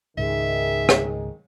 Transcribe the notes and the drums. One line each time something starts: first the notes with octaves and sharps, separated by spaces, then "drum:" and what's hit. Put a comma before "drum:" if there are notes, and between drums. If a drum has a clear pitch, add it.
C#2 G#2 D#3 G#4 E5
drum: rim click